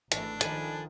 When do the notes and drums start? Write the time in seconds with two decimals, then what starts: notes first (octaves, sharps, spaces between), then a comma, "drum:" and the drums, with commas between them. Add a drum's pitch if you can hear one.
0.12 G#1 E3 A3 D4, drum: hi-hat
0.41 D#3 F3 A4 G#5 B5, drum: hi-hat